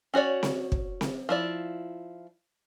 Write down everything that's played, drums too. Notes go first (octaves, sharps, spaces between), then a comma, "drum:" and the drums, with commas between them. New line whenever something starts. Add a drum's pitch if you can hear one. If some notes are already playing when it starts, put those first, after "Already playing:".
C#4 F#4 C#5 D5
drum: snare C4
drum: kick
drum: snare C4
F3 E4 D5